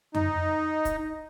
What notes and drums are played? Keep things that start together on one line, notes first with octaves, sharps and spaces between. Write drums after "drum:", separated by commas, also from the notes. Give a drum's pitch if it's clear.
D#4, drum: tom F2
drum: kick, hi-hat